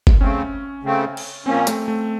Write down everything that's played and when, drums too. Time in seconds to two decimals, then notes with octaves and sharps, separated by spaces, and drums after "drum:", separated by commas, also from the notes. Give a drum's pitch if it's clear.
0.07 drum: kick
0.20 C#3 A3 C4 C#4
0.83 C#3 A3 C4
1.17 drum: cymbal
1.46 A#2 F3 A#3 C4 C#4
1.67 A3, drum: hi-hat
1.88 A3